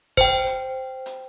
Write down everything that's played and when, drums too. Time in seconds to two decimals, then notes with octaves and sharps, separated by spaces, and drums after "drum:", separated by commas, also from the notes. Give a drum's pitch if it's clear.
0.17 C5 G5, drum: kick, open hi-hat
0.47 drum: hi-hat
1.06 drum: hi-hat